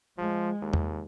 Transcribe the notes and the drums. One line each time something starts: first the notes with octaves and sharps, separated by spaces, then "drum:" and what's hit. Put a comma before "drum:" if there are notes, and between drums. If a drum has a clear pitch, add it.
F3 G#3
D#2
drum: tom E2